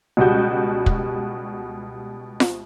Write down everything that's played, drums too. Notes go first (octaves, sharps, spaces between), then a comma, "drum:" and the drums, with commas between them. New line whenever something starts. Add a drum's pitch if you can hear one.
C#2 B2 G3 F#4 G6
drum: kick
drum: snare F4